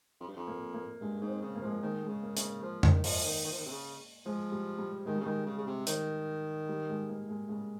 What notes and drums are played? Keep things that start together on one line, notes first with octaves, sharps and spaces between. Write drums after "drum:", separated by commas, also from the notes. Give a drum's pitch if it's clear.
F2
G2
F2
A#3
A#3
G2 G#3
G#2 A#3
C4
C#3
A#3
F3 G#3
A#3
D#3 G#3
G#3
C#3
A#3
C#3, drum: hi-hat
A#3
F3
D#3, drum: tom F2
F3, drum: open hi-hat
D#3
D#3
F3
D#3
C3
C#3
F3 G#3
G3
G3
D#3 G#3
G3
C#3
D#3 G#3
C#3
C#3
C3
D#3, drum: hi-hat
G3
G#3
A#3
G#3
C#3 G#3